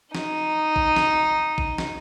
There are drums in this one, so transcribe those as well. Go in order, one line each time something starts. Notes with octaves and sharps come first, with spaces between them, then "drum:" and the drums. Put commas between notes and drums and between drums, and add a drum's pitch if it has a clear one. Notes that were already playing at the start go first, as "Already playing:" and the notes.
D#4, drum: snare
drum: kick A1
drum: snare
drum: kick A1
drum: snare